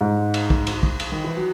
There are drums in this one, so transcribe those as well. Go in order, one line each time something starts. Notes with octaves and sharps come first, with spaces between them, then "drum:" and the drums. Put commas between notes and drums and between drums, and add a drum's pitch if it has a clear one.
G#2
drum: cymbal
drum: kick
drum: cymbal
drum: kick
drum: cymbal
D#3
E3
F#3